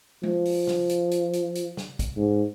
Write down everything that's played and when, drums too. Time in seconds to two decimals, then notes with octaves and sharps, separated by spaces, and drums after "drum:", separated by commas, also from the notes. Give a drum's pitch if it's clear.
0.23 F3, drum: tom G#3
0.45 drum: open hi-hat
0.67 drum: snare
0.89 drum: hi-hat
1.11 drum: hi-hat
1.33 drum: hi-hat
1.55 drum: hi-hat
1.77 drum: snare
1.99 drum: kick, hi-hat
2.16 G#2